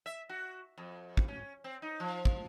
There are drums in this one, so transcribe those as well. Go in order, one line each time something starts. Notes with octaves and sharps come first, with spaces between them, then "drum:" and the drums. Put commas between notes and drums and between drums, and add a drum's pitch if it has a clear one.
E5
F#4
F2
drum: kick
C#4
C4
D#4
F3
drum: kick